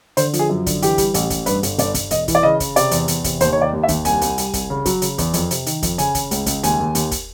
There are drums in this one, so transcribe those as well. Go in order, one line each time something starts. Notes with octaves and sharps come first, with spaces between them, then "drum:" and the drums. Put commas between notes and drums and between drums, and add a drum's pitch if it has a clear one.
D3 C5, drum: hi-hat
F3, drum: hi-hat
G#4
F#2
D3, drum: kick, hi-hat
E3 G4, drum: hi-hat
G3, drum: kick, hi-hat
A1, drum: hi-hat
A1, drum: kick, hi-hat
G2 B4, drum: hi-hat
G1, drum: hi-hat
G1 D5, drum: hi-hat
G1, drum: kick, hi-hat
E1 D#5, drum: hi-hat
E3, drum: kick, hi-hat
D5
C#3 D#5
C#3, drum: kick, hi-hat
C3 D5, drum: hi-hat
E2, drum: hi-hat
E2, drum: hi-hat
C3, drum: kick, hi-hat
D#2 C5, drum: hi-hat
D#3 C#5
D5
D#2
E5
D#2, drum: kick, hi-hat
C2 G#5, drum: hi-hat
C2, drum: hi-hat
G3, drum: hi-hat
C2, drum: kick, hi-hat
C#3
F#3, drum: kick, hi-hat
C#3, drum: hi-hat
E2, drum: kick, hi-hat
F2, drum: hi-hat
C3, drum: hi-hat
D#3, drum: hi-hat
F2, drum: kick, hi-hat
C#3 G#5, drum: hi-hat
C#3, drum: kick, hi-hat
C#2, drum: hi-hat
C#2, drum: kick, hi-hat
D#2 G#5, drum: hi-hat
D#2
D#2, drum: hi-hat
drum: kick, hi-hat